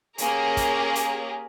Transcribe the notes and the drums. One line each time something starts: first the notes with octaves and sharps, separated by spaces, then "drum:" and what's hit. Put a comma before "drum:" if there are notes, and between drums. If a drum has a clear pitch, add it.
A#3 C#4 G4 G#4 A#4, drum: hi-hat
drum: kick, hi-hat
drum: hi-hat